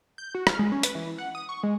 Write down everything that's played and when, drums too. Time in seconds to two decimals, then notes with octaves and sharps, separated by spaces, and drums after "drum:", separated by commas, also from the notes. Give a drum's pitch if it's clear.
0.18 G6
0.35 F#4
0.47 F6, drum: rim click
0.59 G#3
0.72 C#4
0.83 B4, drum: hi-hat
0.95 E3
1.18 F#5
1.35 D#6
1.49 C#6
1.63 G#3